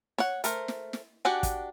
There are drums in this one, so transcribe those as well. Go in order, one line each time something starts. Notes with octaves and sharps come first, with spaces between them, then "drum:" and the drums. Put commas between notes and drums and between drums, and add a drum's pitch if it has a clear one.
C#5 F#5, drum: snare
A3 A#4 C5, drum: hi-hat
drum: snare
drum: snare
D4 F#4 G4 F#5 G#5
drum: kick, hi-hat